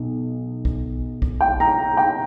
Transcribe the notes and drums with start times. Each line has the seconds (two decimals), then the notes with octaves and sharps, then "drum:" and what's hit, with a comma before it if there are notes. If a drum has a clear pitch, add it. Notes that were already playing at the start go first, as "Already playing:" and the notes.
Already playing: B1
0.65 drum: kick B1
1.22 drum: kick B1
1.41 G5
1.60 A#5
1.97 G5